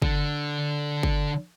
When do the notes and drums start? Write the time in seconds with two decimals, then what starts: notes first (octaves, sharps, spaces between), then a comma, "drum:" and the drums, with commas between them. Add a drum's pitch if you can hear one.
0.02 D3, drum: kick G1
1.03 drum: kick G1